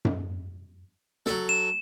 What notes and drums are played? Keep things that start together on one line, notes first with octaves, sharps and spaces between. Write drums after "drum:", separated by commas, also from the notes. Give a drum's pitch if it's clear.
drum: tom F#2
F#3 A4, drum: snare
E7